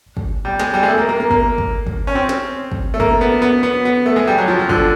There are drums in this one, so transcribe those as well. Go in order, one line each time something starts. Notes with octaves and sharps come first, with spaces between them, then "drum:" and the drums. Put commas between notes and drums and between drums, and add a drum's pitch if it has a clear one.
drum: kick
G3
G#3, drum: snare
G3
G#3
A3
A#3
A#3
A#3
A#3, drum: kick
drum: kick
drum: kick
C#4
C4
drum: snare
drum: kick
A3
A#3, drum: kick
B3
B3
B3
B3
A3
G#3
G3
F#3
F3
F3
D3, drum: kick